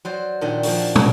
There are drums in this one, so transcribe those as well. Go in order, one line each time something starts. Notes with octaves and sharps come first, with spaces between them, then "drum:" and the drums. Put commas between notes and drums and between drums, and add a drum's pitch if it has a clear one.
F#3 C5 D5
A#2 D#3 D4 G4 D#5
F3 A#3 F#4, drum: open hi-hat
drum: tom